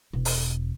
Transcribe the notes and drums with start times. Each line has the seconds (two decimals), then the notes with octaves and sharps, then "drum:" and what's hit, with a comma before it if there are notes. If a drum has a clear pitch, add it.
0.13 E1
0.25 drum: open hi-hat